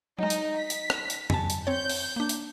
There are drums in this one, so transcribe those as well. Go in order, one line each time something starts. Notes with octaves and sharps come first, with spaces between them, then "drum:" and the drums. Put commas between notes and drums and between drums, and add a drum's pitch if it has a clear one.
F#3 G#3 D#4 D#5
drum: hi-hat
B6
drum: hi-hat
drum: rim click
drum: hi-hat
G#5 A5, drum: tom F2
drum: hi-hat
C4 C#5 G6
drum: open hi-hat
A#3 D4
drum: hi-hat